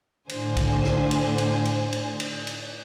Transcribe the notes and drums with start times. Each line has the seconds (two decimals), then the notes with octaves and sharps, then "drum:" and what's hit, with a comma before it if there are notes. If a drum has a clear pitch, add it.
0.29 A2 D3 C5 G#5, drum: cymbal
0.57 drum: kick, cymbal
0.84 drum: snare
1.11 drum: cymbal
1.38 drum: cymbal
1.65 drum: cymbal
1.93 drum: cymbal
2.20 drum: cymbal
2.47 drum: cymbal